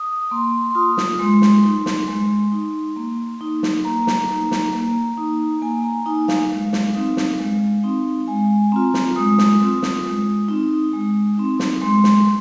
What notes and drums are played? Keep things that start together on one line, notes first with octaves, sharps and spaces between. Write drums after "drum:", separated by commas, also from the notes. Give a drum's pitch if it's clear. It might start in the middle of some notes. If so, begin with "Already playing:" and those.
Already playing: D#6
A#3 C6
C6
F4 D#6
drum: snare
G#3 C6
drum: snare
D#4
drum: snare
G#3
D#4
A#3
D#4
drum: snare
A#3 A#5
drum: snare
D#4
drum: snare
A#3
D#4
A#3 G#5
A#5
D#4 G#5
F5, drum: snare
G#3
drum: snare
C4 D#4
drum: snare
G#3
C4 D#4
G#3 G#5
C4 F4 A#5
drum: snare
G#3 D#6
drum: snare
C4 F4
drum: snare
G#3
C4 D#4
G#3
C4 D#4
drum: snare
G#3 C6
drum: snare